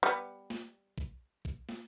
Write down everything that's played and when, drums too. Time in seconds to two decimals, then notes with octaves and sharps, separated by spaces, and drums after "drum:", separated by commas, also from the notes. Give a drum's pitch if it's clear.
0.03 G3 B3
0.50 drum: snare
0.98 drum: kick
1.45 drum: kick
1.69 drum: snare